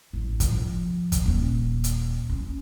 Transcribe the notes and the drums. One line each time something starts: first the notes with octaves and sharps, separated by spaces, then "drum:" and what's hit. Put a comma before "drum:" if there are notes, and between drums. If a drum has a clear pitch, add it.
A1
F3, drum: kick, hi-hat
drum: kick, hi-hat
D#1
drum: hi-hat
C#4